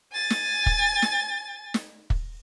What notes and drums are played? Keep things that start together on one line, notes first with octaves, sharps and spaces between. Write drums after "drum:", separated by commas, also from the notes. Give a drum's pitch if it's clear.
G#5 A6
drum: snare
drum: kick
drum: snare
drum: snare
drum: kick